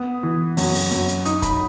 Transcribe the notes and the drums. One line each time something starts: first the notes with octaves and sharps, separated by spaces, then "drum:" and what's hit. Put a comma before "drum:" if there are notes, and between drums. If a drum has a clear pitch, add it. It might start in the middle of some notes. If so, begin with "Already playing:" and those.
Already playing: B3 D#6
E3
F#2, drum: open hi-hat
drum: open hi-hat
F#2, drum: hi-hat
drum: hi-hat
D#4 D#6, drum: hi-hat
B5, drum: kick, hi-hat